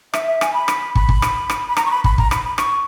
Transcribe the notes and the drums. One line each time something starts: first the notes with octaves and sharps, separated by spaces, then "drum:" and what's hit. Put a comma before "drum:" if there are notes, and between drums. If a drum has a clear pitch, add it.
E5, drum: rim click
E5
G#5, drum: rim click
B5
drum: rim click
B5, drum: kick
drum: kick
drum: rim click
drum: rim click
B5
A#5, drum: rim click
C#6
B5
B5, drum: kick
A#5, drum: kick
B5, drum: rim click
B5
C#6, drum: rim click